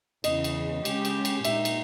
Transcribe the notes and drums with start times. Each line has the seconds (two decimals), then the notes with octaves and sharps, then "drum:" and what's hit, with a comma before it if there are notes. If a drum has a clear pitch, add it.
0.24 E2 C#3 E3 D#5, drum: cymbal
0.44 drum: cymbal
0.85 C#3 G#3 C#4 G4, drum: cymbal
1.05 drum: cymbal
1.25 drum: cymbal
1.45 A#2 G#3 D#4 E5, drum: cymbal
1.65 drum: cymbal